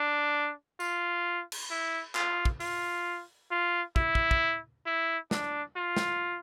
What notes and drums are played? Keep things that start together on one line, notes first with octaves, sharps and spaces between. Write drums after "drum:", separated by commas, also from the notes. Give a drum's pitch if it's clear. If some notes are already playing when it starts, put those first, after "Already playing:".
Already playing: D4
F4, drum: tambourine
drum: cymbal
E4
F4, drum: clap
drum: kick
F4, drum: open hi-hat
F4
E4, drum: kick
drum: kick
drum: kick
E4
D4, drum: snare
F4
drum: snare